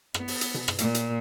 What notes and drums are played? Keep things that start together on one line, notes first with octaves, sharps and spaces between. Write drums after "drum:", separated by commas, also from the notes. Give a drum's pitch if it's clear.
B3, drum: rim click
drum: open hi-hat
drum: hi-hat
drum: tom B2
drum: rim click
A#2, drum: hi-hat
drum: hi-hat